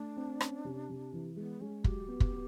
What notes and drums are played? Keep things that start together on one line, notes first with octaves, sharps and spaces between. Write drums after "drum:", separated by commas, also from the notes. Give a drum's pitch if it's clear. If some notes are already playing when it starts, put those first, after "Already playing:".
Already playing: A3 D4
C4
C#4, drum: rim click
C3
C3
E3
G#3 B3
G#3 C#4
F#3 G4, drum: kick
B3
drum: kick
B3